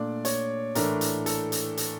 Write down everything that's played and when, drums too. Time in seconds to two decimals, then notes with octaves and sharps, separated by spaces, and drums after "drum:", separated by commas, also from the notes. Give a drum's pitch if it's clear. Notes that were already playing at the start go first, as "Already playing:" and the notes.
Already playing: A#2 A3 D4 D5
0.25 C#5, drum: hi-hat
0.75 A2 E3 A3 D4 A#4, drum: hi-hat
1.01 drum: hi-hat
1.26 A4, drum: hi-hat
1.52 drum: hi-hat
1.77 drum: hi-hat